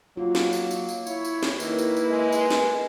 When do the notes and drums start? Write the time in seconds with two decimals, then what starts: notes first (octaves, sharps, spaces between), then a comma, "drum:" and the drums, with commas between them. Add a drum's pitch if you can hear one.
0.17 F#3 A#3 F4
0.35 drum: snare
0.53 drum: tambourine
0.71 drum: tambourine
0.89 drum: tambourine
1.07 E4 C#5, drum: tambourine
1.25 drum: tambourine
1.43 drum: snare
1.60 D#3 A#3 E4 B4, drum: tambourine
1.79 drum: tambourine
1.97 drum: tambourine
2.10 G#3
2.32 drum: tambourine
2.50 drum: snare